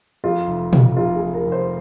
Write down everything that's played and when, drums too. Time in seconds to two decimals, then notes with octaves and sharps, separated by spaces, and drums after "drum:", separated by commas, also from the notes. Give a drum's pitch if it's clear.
0.24 F2 F4
0.48 F1
0.73 C3, drum: tom A#2
0.97 F1 F4
1.16 G#4
1.21 F1
1.34 A#4
1.45 F1
1.52 C5